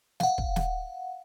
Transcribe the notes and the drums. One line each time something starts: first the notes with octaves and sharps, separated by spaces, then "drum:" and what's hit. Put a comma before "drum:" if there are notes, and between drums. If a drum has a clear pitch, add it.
F5 F#5, drum: snare
drum: kick
drum: snare